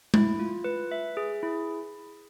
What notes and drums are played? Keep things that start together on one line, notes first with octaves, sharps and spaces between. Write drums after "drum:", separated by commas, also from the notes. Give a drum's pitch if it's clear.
E4, drum: tom G#3
F4
B4
E5
G#4
E4